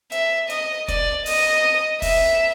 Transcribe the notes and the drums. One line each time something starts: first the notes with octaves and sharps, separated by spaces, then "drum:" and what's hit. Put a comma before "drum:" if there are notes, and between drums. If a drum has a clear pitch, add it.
E5, drum: hi-hat
D#5, drum: hi-hat
D5, drum: kick, hi-hat
D#5, drum: open hi-hat
E5, drum: kick, open hi-hat